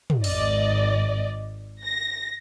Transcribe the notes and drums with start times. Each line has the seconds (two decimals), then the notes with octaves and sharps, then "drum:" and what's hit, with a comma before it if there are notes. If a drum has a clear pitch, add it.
0.10 drum: tom
0.24 G#1 D5 D#5, drum: cymbal
1.84 A#6